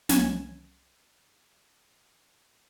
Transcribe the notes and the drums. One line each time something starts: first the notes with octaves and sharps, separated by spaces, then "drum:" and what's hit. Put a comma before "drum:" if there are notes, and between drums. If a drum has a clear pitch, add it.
C2 F#3 C#4 G#5 G#6 E7, drum: snare